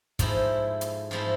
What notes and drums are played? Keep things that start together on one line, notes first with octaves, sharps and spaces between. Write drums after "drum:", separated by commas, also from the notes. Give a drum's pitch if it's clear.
G#2 F3 A3 E4, drum: kick, hi-hat
drum: hi-hat
G#2 F3 A3 E4